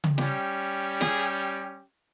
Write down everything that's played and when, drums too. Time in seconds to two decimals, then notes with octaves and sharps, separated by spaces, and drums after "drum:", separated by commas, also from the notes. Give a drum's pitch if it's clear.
0.04 drum: tom C#3
0.18 G3 C#4 G4, drum: snare
1.01 G#4, drum: snare